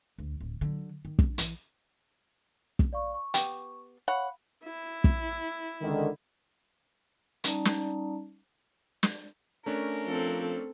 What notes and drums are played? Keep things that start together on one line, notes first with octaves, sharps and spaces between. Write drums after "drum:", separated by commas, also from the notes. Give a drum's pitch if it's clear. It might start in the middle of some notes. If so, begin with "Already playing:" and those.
D2
D1
D3 F#3
D#3
D4, drum: kick
E3, drum: hi-hat
drum: kick
D5 F5 C#6
C#6
B3 G4, drum: hi-hat
C#5 F5 F#5 B5
E4
drum: kick
C#2 D3 D#3
G3 C#4 D#4 D5 A5 A#5, drum: hi-hat
drum: snare
drum: snare
A3 C#4 D4 A#4
F3 C4 A4